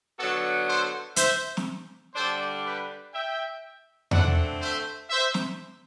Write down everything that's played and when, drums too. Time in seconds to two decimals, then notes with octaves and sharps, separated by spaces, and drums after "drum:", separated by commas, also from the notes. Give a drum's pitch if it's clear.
0.18 D3 F#3 B3 D4 F#4 A4
0.67 A4 C5
1.16 C5 E5, drum: hi-hat
1.57 drum: snare
2.15 D3 G3 D4 A4 C5
2.64 G4 B4
3.13 E5 G5
4.11 D3 A3 C4 D5 F#5, drum: tom E2
4.62 C5 E5
5.10 C5 E5
5.34 drum: snare